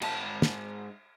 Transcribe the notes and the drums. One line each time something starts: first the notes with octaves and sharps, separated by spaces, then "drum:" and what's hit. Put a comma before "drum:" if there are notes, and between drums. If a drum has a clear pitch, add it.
G#2 A5, drum: cymbal
drum: snare